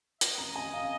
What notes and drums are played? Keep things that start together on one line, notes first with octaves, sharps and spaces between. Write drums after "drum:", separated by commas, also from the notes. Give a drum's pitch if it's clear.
D#5, drum: hi-hat
A#5
G#5
F5